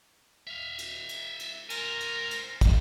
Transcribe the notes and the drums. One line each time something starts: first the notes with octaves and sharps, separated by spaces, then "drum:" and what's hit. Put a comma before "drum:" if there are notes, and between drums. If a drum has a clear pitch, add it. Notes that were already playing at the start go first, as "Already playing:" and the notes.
E5 F5
drum: cymbal
drum: cymbal
drum: cymbal
A#4 C5 G#5, drum: cymbal
drum: cymbal
drum: cymbal
drum: kick, cymbal